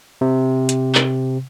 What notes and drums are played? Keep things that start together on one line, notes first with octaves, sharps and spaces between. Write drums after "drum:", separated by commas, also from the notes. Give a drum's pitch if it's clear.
C3
drum: hi-hat
drum: clap